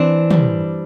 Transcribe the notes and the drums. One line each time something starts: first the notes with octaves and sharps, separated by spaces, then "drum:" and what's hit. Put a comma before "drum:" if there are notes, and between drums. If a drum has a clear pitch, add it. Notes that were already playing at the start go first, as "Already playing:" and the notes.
Already playing: E3 C4 D4
G3, drum: tom